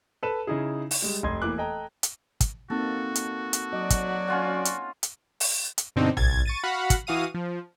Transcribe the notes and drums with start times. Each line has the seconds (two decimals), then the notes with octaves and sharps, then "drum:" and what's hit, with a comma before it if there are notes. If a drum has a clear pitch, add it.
0.23 A4 B4 E7
0.47 C#3 D#4 E4 G#4
0.91 drum: open hi-hat
1.02 G3 G#3
1.23 F1 D#5 C6 G#6
1.42 E2 E3 A#3 D6 F#6
1.57 A4 D#5 G5 A#5
2.03 drum: hi-hat
2.41 drum: kick, hi-hat
2.70 A#3 C4 D#4 F#4 A4
3.15 drum: hi-hat
3.53 drum: hi-hat
3.73 F#3 D5 D#5
3.90 drum: kick, hi-hat
4.28 C#4 F4 F#5
4.65 drum: hi-hat
5.03 drum: hi-hat
5.40 drum: open hi-hat
5.78 drum: hi-hat
5.96 G2 B2 D3 C4 D#4
6.17 C2 G#6 A6, drum: tom A#1
6.46 C#6 A6 D#7
6.64 F#4 F5 F#5 B5
6.90 drum: kick, hi-hat
7.07 E3 F#4 F5 D#6 D#7
7.34 F3